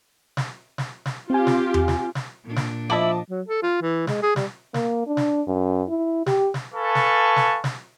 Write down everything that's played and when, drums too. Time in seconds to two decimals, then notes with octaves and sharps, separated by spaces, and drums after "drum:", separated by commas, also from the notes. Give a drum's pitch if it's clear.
0.37 drum: snare
0.78 drum: snare
1.05 drum: snare
1.30 C4 F4 G4 G#5
1.47 drum: snare
1.74 drum: tom E2
1.88 drum: snare
2.15 drum: snare
2.44 A#2 D4
2.56 drum: snare
2.90 F3 E4 D#5 E5 A5 D6
3.30 F#3
3.47 A4
3.63 F4
3.82 E3
4.07 G#3, drum: snare
4.22 G#4
4.36 G3, drum: snare
4.74 A#3, drum: snare
5.07 D4
5.17 drum: snare
5.47 F#2
5.89 E4
6.26 G4, drum: snare
6.54 drum: snare
6.74 A4 B4 F5 G#5 A5 C#6
6.95 drum: snare
7.36 drum: snare
7.64 drum: snare